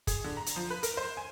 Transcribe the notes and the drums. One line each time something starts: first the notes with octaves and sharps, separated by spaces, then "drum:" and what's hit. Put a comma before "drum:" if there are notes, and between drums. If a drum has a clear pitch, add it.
G#4, drum: kick, hi-hat
D3
A#5
drum: hi-hat
F3
B4
A#4, drum: hi-hat
C5
G#5